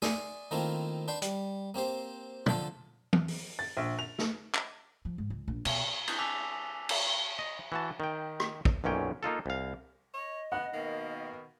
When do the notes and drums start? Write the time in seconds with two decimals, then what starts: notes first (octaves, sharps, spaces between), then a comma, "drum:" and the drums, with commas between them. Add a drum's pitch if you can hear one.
0.02 D5 E5 G#5 C6 D6 D#6, drum: snare
0.51 D#3 A3 A#3 C4 E4 F4
1.08 D4 B4 G5 C6
1.22 G3, drum: hi-hat
1.74 A#3 C4 G4 C5
2.46 D3 F3 A4 C5, drum: tom A#2
3.13 drum: tom E3
3.28 drum: open hi-hat
3.59 A6
3.77 A#1
3.99 F7
4.19 drum: snare
4.54 drum: clap
5.05 F3
5.18 G#2
5.30 C#2
5.48 A#1
5.65 B2, drum: cymbal
6.08 drum: cymbal
6.18 G#5 A5 D6 E6 B6 F7
6.89 drum: cymbal
7.39 D#5
7.72 E3 F#4 A5
8.00 D#3 G5
8.40 drum: rim click
8.65 drum: kick
8.84 B1 F#2 A#2 C#4 G5
9.23 A#3 D#4 F4 A4
9.46 C2 F5
10.14 C#5 D#5
10.52 B3 F#5 F#6
10.74 B2 D#3 A#3